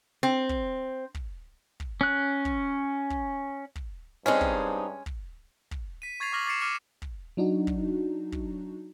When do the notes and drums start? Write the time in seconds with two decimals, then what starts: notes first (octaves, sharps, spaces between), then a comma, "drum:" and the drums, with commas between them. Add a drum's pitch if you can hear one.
0.23 C4
0.49 drum: kick
1.15 drum: kick
1.80 drum: kick
2.01 C#4 F#6
2.45 drum: kick
3.10 drum: kick
3.76 drum: kick
4.26 G2 G#3 C4 C#4 D#4 G#4
4.41 drum: kick
5.06 drum: kick
5.71 drum: kick
6.02 B6 D#7
6.20 C#6 G#6 A6 C7 F7
6.32 C#6 D6 F6 A#6 F#7
6.47 D6 A6 C7 C#7 E7
6.60 D6 F6 C#7 D#7
7.02 drum: kick
7.37 F#3 D4 D#4 F#4
7.67 drum: kick
8.32 drum: kick